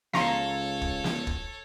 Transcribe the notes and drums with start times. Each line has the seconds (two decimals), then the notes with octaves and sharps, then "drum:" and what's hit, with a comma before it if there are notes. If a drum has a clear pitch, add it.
0.13 C#2 A4 C#5 F5 A#5 C6, drum: snare
0.82 drum: kick
1.04 drum: snare
1.27 drum: kick